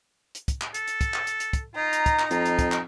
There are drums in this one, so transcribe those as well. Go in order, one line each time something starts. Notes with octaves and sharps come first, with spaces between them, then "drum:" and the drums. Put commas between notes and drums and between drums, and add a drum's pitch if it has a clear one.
drum: hi-hat
drum: kick, hi-hat
drum: clap
A4, drum: hi-hat
drum: hi-hat
drum: kick, hi-hat
drum: clap
drum: hi-hat
drum: hi-hat
drum: kick, hi-hat
D#4 F4 A#5
drum: hi-hat
drum: kick, hi-hat
drum: clap
F2 F4, drum: hi-hat
drum: hi-hat
drum: kick, hi-hat
drum: clap